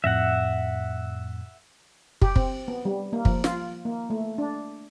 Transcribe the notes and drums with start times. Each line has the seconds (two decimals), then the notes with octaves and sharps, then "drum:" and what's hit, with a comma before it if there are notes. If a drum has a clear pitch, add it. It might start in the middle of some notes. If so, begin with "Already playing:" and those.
0.04 F2 A2 E5 F#5 A#6
2.22 G4, drum: kick
2.36 C4, drum: kick
2.68 B3
2.85 G3
3.13 A#3
3.25 F3, drum: kick
3.44 F4, drum: snare
3.85 A#3
4.10 A3
4.38 D4